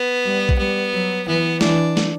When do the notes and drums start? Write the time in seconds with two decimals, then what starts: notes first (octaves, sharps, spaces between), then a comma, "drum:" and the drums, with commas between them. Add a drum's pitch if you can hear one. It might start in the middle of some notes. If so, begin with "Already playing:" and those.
Already playing: B3
0.25 G3
0.49 drum: kick A#1
0.58 G3 B3
0.93 F#3
1.27 E3 B3
1.61 E3 D4, drum: snare
1.97 drum: snare